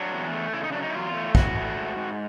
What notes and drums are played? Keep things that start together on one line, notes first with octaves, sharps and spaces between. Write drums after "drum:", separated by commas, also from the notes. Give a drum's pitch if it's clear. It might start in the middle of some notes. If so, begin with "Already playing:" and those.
Already playing: F#3 D4
E2
A3
C#3 E4
D#4
F#3 D4
D#4
E4
E2 F4
A3
E3 F#4, drum: kick
A3
G#2
G#2